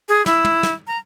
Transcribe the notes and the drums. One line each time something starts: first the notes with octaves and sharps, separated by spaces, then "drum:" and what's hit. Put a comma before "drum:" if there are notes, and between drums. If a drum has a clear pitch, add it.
G#4
E4, drum: snare
drum: tom
drum: snare
A#5